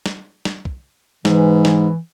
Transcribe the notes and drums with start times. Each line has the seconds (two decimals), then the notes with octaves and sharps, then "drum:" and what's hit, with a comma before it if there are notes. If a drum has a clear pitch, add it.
0.06 drum: snare
0.45 drum: snare
0.65 drum: kick
1.25 G#2 E3, drum: snare
1.65 drum: snare